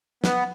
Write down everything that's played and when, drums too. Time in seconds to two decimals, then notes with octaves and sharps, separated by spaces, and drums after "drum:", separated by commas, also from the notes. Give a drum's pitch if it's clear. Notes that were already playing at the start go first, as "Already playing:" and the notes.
0.24 B3, drum: snare